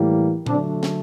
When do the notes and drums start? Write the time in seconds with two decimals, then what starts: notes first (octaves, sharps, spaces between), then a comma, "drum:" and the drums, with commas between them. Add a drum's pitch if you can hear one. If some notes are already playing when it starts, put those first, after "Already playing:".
Already playing: A2 E3 G3 A#3
0.46 D3 F#3 A3 C4 D4, drum: tom A#2
0.83 drum: snare